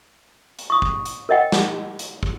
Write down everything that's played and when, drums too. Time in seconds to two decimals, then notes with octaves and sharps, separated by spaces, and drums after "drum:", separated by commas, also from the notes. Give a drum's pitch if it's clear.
0.59 drum: hi-hat
0.70 C#6 D#6
0.82 drum: kick
1.06 drum: hi-hat
1.29 A#4 C#5 D#5 F#5 G5
1.52 drum: snare
1.99 drum: hi-hat
2.23 drum: kick